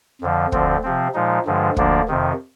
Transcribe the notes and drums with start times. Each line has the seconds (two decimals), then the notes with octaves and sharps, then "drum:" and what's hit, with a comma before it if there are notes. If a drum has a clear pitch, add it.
0.21 F2 D3 F3
0.52 D2 D3 F3 C4, drum: kick
0.83 C3 F3 C4
1.14 A#2 F3 G#3 D#4
1.46 G2 D3 F3 G#3
1.77 D2 D3 F3 A#3 D4, drum: kick
2.08 F2 C3 D#3